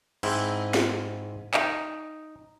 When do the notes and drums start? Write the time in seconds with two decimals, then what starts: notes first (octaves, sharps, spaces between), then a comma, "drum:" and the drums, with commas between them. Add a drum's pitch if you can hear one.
0.23 G#2 C4 E4, drum: cymbal
0.74 drum: snare
1.54 D#4, drum: clap